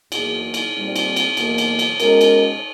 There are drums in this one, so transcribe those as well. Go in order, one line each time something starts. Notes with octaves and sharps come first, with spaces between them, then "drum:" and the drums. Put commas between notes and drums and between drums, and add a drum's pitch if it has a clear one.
E2 B2 F#3 A#3 G#4, drum: cymbal
drum: cymbal
A#2 G3 C4 D#4
drum: cymbal
drum: cymbal
E2 B2 F#3 A#3, drum: cymbal
drum: cymbal
drum: cymbal
B2 G#3 C#4 A#4, drum: cymbal
drum: cymbal